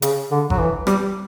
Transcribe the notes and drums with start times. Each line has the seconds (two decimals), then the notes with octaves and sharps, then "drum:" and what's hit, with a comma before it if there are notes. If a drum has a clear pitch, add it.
0.02 C#3, drum: hi-hat
0.31 D3
0.50 F#3, drum: kick G1
0.59 E3
0.87 G3, drum: rim click